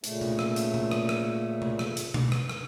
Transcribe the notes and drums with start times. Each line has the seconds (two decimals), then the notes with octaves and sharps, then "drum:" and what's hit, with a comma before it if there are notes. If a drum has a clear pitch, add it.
0.04 A#2 C#3 A3, drum: hi-hat
0.21 drum: tom C3
0.39 drum: rim click
0.56 drum: hi-hat
0.74 drum: tom C3
0.91 drum: rim click
1.09 drum: rim click
1.62 drum: tom C3
1.79 drum: rim click
1.97 drum: hi-hat
2.14 drum: tom B2
2.32 drum: rim click
2.49 drum: rim click